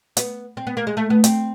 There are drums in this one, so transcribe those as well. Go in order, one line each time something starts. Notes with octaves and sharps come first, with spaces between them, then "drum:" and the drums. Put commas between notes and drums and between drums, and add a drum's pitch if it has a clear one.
B3, drum: hi-hat
C4
B3
A#3
G#3
A3
B3
C4, drum: hi-hat